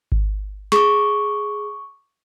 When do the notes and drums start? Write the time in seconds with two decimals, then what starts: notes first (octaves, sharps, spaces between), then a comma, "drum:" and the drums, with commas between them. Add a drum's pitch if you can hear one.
0.12 drum: kick G#1
0.72 G#4 C#6 D6, drum: snare